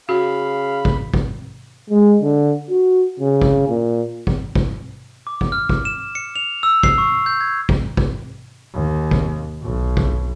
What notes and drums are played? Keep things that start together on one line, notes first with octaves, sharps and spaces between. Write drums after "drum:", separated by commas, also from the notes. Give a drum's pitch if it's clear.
C#3 F#4 F5 B5
drum: kick
drum: kick
G#3
D3
F#4
C#3
drum: kick
A#2
drum: kick
drum: kick
D6
drum: kick
F6
drum: kick
E7
C#7
F7
E6
C7, drum: kick
C#6
G6
G#6
drum: kick
drum: kick
D#2
drum: kick
B1
drum: kick